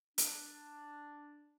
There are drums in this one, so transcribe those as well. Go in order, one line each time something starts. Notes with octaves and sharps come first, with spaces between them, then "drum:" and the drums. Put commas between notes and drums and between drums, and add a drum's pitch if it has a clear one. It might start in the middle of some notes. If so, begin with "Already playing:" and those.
D4, drum: hi-hat